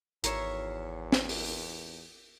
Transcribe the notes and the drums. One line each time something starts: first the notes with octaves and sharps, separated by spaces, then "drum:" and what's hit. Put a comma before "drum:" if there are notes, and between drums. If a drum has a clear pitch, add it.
G#1 E2 A#4 C#5 E5 C7 C#7, drum: hi-hat
drum: snare
drum: open hi-hat